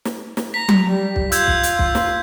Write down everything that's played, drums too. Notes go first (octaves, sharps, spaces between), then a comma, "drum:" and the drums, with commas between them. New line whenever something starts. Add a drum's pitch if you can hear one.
drum: snare
drum: snare
A#5 B6
drum: tom F#3
G3
drum: kick
F4 E6 G6 G#6, drum: hi-hat
drum: kick
drum: hi-hat
drum: kick
drum: snare